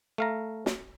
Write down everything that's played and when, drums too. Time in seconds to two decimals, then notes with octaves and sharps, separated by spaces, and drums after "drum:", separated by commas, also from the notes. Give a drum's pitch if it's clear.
0.18 A3 F5 A#5
0.66 drum: snare